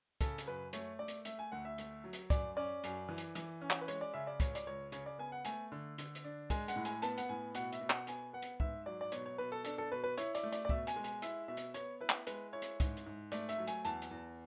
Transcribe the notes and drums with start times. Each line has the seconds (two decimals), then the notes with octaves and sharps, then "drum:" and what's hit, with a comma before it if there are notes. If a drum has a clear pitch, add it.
0.21 C#3 A4, drum: kick, hi-hat
0.38 drum: hi-hat
0.48 F#2 B4
0.73 A3 C#5, drum: hi-hat
0.99 A3 D5
1.08 drum: hi-hat
1.25 A3 E5, drum: hi-hat
1.39 G#5
1.52 D2 F#5
1.65 E5
1.78 A3, drum: hi-hat
2.04 F#3
2.13 drum: hi-hat
2.30 F#2 D5, drum: kick, hi-hat
2.57 C#4 D5
2.84 F#2, drum: hi-hat
3.09 E3
3.18 drum: hi-hat
3.35 E3, drum: hi-hat
3.61 C#4
3.70 drum: clap
3.81 B4
3.88 G#3 C#5, drum: hi-hat
4.01 D5
4.14 C#3 E5
4.27 D5
4.40 C#2 C#5, drum: kick, hi-hat
4.55 D5, drum: hi-hat
4.66 C#2 C#5
4.92 C#3 C#5, drum: hi-hat
5.06 D5
5.18 B3 G#5
5.32 F#5
5.45 A3 G#5, drum: hi-hat
5.72 D3
5.98 D3, drum: hi-hat
6.15 drum: hi-hat
6.24 D4
6.50 G#3 G#5, drum: kick, hi-hat
6.68 F#5, drum: hi-hat
6.76 A2
6.85 G#5, drum: hi-hat
7.02 B3 A5, drum: hi-hat
7.18 F#5, drum: hi-hat
7.29 A2 G#5
7.55 B2 F#5, drum: hi-hat
7.72 E5, drum: hi-hat
7.81 B2
7.90 F#5, drum: clap
8.07 B3 G#5, drum: hi-hat
8.33 B3 F#5
8.42 drum: hi-hat
8.60 G#2 E5, drum: kick
8.86 F#3 D5
9.01 D5
9.12 B2 C#5, drum: hi-hat
9.26 C#5
9.38 B2 B4
9.52 A4
9.64 D4 A4, drum: hi-hat
9.78 A4
9.92 B2 B4
10.04 B4
10.17 E4 C#5, drum: hi-hat
10.35 D5, drum: hi-hat
10.43 A3
10.52 D5, drum: hi-hat
10.65 D5
10.69 B2 E5, drum: kick
10.87 G#5, drum: hi-hat
10.96 G#3
11.04 G#5, drum: hi-hat
11.22 E4 E5, drum: hi-hat
11.48 B2 E5
11.57 drum: hi-hat
11.74 B3 C#5, drum: hi-hat
12.00 E4 B4
12.10 drum: clap
12.27 G#3 B4, drum: hi-hat
12.53 E4 C#5
12.62 drum: hi-hat
12.80 G#2, drum: kick, hi-hat
12.97 drum: hi-hat
13.06 G#2
13.32 A3 D5, drum: hi-hat
13.49 E5, drum: hi-hat
13.58 F#3
13.67 G#5, drum: hi-hat
13.85 E2 A5, drum: hi-hat
14.02 drum: hi-hat
14.11 E2